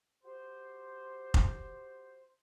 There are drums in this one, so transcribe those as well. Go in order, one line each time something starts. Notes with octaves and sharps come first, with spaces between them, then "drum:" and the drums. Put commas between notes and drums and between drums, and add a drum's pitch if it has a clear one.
F#4 G4 C5
drum: kick F1